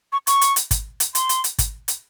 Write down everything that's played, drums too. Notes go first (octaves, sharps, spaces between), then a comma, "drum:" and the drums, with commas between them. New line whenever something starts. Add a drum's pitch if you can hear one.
C#6
C#6, drum: hi-hat
drum: hi-hat
drum: hi-hat
drum: kick, hi-hat
drum: hi-hat
C6, drum: hi-hat
drum: hi-hat
drum: hi-hat
drum: kick, hi-hat
drum: hi-hat